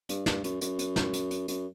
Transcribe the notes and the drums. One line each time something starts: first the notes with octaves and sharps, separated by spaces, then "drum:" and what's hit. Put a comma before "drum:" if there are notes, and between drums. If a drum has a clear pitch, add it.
G2, drum: hi-hat
G2, drum: snare
F#2, drum: hi-hat
F#2, drum: hi-hat
drum: hi-hat
drum: snare
drum: hi-hat
drum: hi-hat
F#2, drum: hi-hat